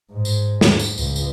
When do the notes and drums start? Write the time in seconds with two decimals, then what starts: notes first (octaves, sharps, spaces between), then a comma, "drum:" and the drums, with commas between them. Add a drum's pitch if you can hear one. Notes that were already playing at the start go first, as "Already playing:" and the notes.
0.12 G#2
0.25 drum: tambourine
0.61 drum: snare
0.79 drum: tambourine
0.98 C#2, drum: tambourine
1.16 drum: tambourine